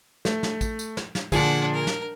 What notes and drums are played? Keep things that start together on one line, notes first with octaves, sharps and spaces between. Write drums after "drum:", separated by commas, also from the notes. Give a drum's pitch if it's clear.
A3, drum: snare
drum: snare
drum: kick, tambourine
drum: tambourine
drum: snare
drum: snare
A#2 D3 F3 D4 G#4 F#5, drum: kick, tambourine
A#4
drum: snare